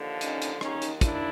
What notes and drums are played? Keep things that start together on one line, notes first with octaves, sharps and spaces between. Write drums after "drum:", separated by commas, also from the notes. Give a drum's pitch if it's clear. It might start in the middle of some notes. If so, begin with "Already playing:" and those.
Already playing: D#2 D3 F3
C#4 D#4, drum: hi-hat
drum: hi-hat
D#2 D#3 C#4 D#4, drum: rim click
drum: hi-hat
D4 E4, drum: kick, hi-hat